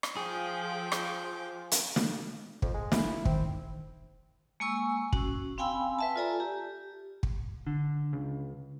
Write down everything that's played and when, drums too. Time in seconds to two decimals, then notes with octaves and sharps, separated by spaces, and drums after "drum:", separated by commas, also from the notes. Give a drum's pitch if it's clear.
0.03 drum: rim click
0.17 F3 G#4 G5 D6
0.92 drum: rim click
1.71 drum: hi-hat
1.96 drum: snare
2.62 F2, drum: kick
2.74 G#3
2.92 E4, drum: snare
3.25 D#3 C4, drum: kick
4.60 G#3 A#3 G#5 C#6 E6
5.13 C#4 F#4, drum: kick
5.58 C4 F5 G5 G#5 B5 E6
5.99 B4 E5 A5
6.16 F4 A4 D5 G#5 A#5
6.40 G4
7.23 drum: kick
7.67 D3
8.13 C#2